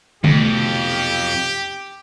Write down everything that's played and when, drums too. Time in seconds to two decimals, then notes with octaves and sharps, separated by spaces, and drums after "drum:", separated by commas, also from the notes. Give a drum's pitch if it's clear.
0.24 B1 F2 C3 A3 G4, drum: tom D3